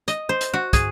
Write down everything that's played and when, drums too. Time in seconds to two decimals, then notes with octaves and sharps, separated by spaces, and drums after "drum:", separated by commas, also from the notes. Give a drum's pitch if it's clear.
0.08 D#5, drum: hi-hat
0.29 C5
0.41 drum: hi-hat
0.54 F#4
0.73 G#4, drum: kick, hi-hat